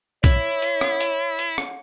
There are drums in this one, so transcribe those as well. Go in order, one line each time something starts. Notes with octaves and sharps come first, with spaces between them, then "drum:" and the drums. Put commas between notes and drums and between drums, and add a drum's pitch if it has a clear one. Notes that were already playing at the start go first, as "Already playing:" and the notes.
E4 C#5, drum: kick B1, hi-hat
drum: hi-hat
drum: rim click
drum: hi-hat
drum: hi-hat
drum: rim click